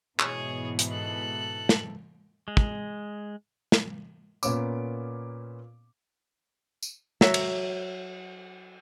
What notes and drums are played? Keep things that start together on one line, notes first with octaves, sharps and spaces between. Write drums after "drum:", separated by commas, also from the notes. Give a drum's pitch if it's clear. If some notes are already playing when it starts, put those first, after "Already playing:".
G#2 B2 E3 G#4 C#5, drum: clap
drum: hi-hat
A4 F#6
drum: snare
G#3
drum: kick
drum: snare
A#2 A#3 B3 C#4 D6, drum: tambourine
drum: tambourine
F#3 E5 F#5, drum: snare
drum: cymbal